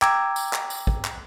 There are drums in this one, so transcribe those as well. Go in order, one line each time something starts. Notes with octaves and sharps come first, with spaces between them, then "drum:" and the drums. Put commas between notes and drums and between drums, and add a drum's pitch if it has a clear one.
G5 A#5 D6 E6 G#6, drum: clap
drum: tambourine
drum: clap
drum: tambourine
drum: kick
drum: clap